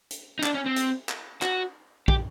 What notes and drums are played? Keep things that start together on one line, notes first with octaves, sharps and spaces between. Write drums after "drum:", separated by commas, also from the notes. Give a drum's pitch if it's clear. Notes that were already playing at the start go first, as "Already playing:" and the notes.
drum: hi-hat
D#4
D4, drum: clap
C#4
C4
drum: hi-hat
drum: clap
F#4, drum: clap
G4, drum: kick